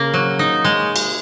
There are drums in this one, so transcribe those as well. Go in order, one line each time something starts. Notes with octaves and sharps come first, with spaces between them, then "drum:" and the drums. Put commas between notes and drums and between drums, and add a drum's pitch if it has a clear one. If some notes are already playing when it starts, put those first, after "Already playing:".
Already playing: C#3 A#3
F#3
D#4
G#3
drum: cymbal